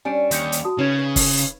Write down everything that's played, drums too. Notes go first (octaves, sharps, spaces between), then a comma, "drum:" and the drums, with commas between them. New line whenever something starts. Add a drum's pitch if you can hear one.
G3 C#4 D4 G#5 D7
D#2 D5 G6 C#7, drum: hi-hat
drum: hi-hat
F#4 A5 D#6
C#3 C#4 D#4 B4 C#5 G#6
B4
drum: kick, open hi-hat
drum: hi-hat